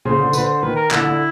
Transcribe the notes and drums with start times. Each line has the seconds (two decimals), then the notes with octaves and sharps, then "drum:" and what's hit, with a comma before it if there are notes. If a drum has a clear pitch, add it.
0.05 C#3 C5
0.19 D3
0.33 D3 B4, drum: tambourine
0.43 C5
0.53 C5
0.63 D#3 B4
0.76 A#4
0.91 D3 E4, drum: clap
1.05 D3